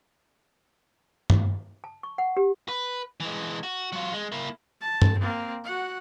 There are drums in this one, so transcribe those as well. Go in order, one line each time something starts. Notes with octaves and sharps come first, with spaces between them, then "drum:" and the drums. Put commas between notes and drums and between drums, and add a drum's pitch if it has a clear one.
drum: tom G2
A5
C#6
F#5
G4
B4
E3 G#3
F#4
F#3 F4
G#3
A#3 E4
A5
drum: tom G2
A#3 C4
F#4 F#5